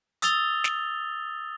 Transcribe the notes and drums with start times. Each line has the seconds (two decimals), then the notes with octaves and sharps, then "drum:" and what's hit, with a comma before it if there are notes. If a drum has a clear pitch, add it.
0.22 D#6 E6 A6 F7 G7, drum: hi-hat
0.64 drum: snare